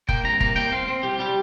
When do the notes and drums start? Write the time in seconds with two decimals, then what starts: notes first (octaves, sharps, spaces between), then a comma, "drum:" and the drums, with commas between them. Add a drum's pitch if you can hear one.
0.09 A#3 G5, drum: kick F1
0.24 C2 A#5
0.40 A#3 A#5, drum: kick F1
0.56 A#3 G5
0.72 C4 F5
0.88 C4
1.03 C2 G4
1.19 G3 G4